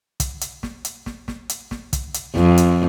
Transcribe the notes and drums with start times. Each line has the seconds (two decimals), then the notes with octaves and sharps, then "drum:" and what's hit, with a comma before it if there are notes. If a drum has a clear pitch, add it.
0.20 drum: kick, hi-hat
0.41 drum: hi-hat
0.63 drum: snare
0.85 drum: hi-hat
1.06 drum: snare
1.28 drum: snare
1.49 drum: hi-hat
1.71 drum: snare
1.93 drum: kick, hi-hat
2.14 drum: hi-hat
2.36 F2, drum: snare
2.58 drum: hi-hat